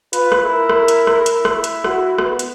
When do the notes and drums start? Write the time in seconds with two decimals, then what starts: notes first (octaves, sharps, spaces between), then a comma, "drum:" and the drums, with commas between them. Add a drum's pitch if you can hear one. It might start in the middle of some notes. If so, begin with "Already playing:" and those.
0.13 F4 B4, drum: hi-hat
0.32 drum: rim click
0.45 E4 A#4
0.69 drum: rim click
0.88 drum: hi-hat
1.07 drum: rim click
1.26 E4, drum: hi-hat
1.45 drum: rim click
1.64 drum: hi-hat
1.84 F#4, drum: rim click
2.18 B3, drum: rim click
2.39 drum: hi-hat